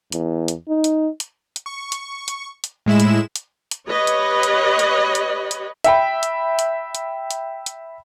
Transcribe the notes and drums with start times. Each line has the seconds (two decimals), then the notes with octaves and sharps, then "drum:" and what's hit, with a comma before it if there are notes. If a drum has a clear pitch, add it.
0.12 E2, drum: hi-hat
0.48 drum: hi-hat
0.69 D#4
0.84 drum: hi-hat
1.20 drum: hi-hat
1.56 drum: hi-hat
1.66 C#6
1.92 drum: hi-hat
2.28 drum: hi-hat
2.64 drum: hi-hat
2.86 A2 G#3 E4 E7
3.00 drum: hi-hat
3.36 drum: hi-hat
3.71 drum: hi-hat
3.88 G4 B4 C#5 D#5
4.07 drum: hi-hat
4.43 drum: hi-hat
4.79 drum: hi-hat
5.15 drum: hi-hat
5.51 drum: hi-hat
5.84 E5 G5 B5, drum: hi-hat
6.23 drum: hi-hat
6.59 drum: hi-hat
6.95 drum: hi-hat
7.30 drum: hi-hat
7.66 drum: hi-hat